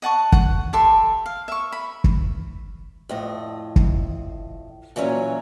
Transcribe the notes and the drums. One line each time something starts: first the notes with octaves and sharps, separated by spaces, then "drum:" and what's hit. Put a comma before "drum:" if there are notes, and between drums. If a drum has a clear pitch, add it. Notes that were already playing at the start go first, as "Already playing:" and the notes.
D#5 F#5 A5 C#6
F#5, drum: kick
G4 A4 E5 C6
F5
E5 C#6
B5
drum: kick
F2 A2 D#5
drum: kick
A#2 E3 F#3 C#4 G#5 A#5